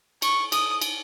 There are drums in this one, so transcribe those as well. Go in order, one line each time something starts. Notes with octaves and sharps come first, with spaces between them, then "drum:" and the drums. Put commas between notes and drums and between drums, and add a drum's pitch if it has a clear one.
C#6, drum: cymbal
D#6, drum: cymbal
drum: cymbal